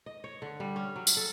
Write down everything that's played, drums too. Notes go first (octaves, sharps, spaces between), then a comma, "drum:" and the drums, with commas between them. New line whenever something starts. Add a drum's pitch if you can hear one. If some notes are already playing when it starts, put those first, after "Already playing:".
D#5
C#5
D3
G3
C#4
F#3
drum: tambourine
A4